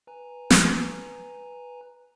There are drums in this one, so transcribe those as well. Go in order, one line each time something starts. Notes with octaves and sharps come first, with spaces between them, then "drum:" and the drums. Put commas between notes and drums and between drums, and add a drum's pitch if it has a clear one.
B4 G#5 A#5
drum: snare